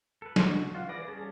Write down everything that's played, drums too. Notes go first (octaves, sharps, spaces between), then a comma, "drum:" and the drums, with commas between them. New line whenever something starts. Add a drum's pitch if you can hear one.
A4 B4
F#4, drum: snare
C#3
E3 F4 F5 F#5
E4 G#4 B4 D5 A#6
G3 C#4 G#4 A5